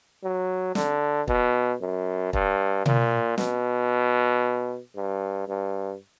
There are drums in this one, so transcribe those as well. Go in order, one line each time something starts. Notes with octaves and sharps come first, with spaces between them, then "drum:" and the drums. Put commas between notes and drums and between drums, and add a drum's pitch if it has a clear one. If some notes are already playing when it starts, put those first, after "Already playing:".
F#3
D3, drum: snare
B2, drum: kick
F#2
G2, drum: kick
A#2, drum: tom B2
B2, drum: snare
G2
G2